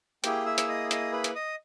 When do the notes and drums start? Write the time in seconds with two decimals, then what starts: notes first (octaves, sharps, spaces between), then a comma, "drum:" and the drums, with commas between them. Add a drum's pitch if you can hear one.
0.24 A#3 E4 G4 G#4 G5, drum: hi-hat
0.46 E5 E6
0.58 E6, drum: hi-hat
0.69 D#5 D#6
0.91 D#5 D#6, drum: hi-hat
1.13 B4 B5
1.24 drum: hi-hat
1.35 D#5 D#6